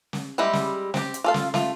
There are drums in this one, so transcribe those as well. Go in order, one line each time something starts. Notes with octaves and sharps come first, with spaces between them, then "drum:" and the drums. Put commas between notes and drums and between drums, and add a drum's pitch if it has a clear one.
drum: snare
G3 G#3 E4 G4
drum: snare
C4 G4, drum: snare
drum: hi-hat
F4 A4 F5
drum: snare
A3 F4, drum: snare